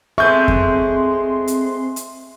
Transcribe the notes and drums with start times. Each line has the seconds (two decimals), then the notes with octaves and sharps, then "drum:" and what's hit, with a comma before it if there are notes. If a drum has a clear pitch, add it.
0.18 G#3 A3 B3 C4 E5 C6 C#6 G6
0.48 drum: kick F2
1.47 drum: hi-hat
1.96 drum: hi-hat